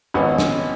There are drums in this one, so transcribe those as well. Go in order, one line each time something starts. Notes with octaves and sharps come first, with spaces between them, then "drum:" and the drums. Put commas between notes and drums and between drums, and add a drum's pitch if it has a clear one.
G#1 B3 C#4
drum: snare